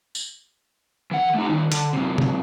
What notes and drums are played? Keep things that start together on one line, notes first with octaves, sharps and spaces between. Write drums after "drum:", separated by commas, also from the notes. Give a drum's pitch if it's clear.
drum: tambourine
E3 F#5
A3 D#4
D#3 G3
D3, drum: hi-hat
F#2 C3
drum: tom